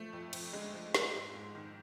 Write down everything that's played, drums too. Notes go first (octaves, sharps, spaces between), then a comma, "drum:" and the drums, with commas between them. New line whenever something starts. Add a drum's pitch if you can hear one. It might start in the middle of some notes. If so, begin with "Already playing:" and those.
Already playing: F3 A3
F2
F2, drum: cymbal
D3 G#3
F3
F2, drum: snare
G#2
G#2
D#3